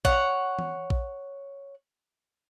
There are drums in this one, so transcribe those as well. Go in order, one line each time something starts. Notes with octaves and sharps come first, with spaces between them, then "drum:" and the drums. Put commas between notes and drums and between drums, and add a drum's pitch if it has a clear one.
C#5 F#5, drum: kick A#1
drum: tom E3
drum: kick A#1